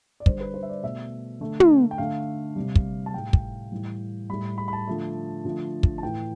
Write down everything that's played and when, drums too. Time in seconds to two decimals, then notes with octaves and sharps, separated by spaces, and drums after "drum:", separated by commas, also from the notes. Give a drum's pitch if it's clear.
0.20 D5
0.26 D3 G3 C5, drum: kick
0.40 B4
0.54 C5
0.63 E5
0.69 D5
0.83 B2 A3 E5
1.41 D3 A3
1.60 drum: tom
1.91 G5
1.98 D3 A3 F5
2.56 C3 G3
2.76 drum: kick
3.06 A5
3.14 A2 G3 G5
3.33 drum: kick
3.72 A2 E3 G3
4.30 A2 G3 B5
4.58 B5
4.68 B5
4.73 A5
4.87 D3 F3 A3
5.45 D3 F3 A3
5.83 drum: kick
5.98 A5
6.02 A2 E3 A3 G5